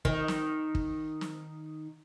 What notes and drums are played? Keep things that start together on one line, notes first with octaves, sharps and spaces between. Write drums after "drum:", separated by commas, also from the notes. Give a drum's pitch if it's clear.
D#3, drum: kick
drum: snare
drum: kick
drum: snare